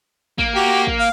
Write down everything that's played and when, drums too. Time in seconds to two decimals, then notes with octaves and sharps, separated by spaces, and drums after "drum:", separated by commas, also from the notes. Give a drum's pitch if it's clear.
0.38 A#3, drum: kick
0.55 F#4 G4
0.87 drum: kick
0.99 F5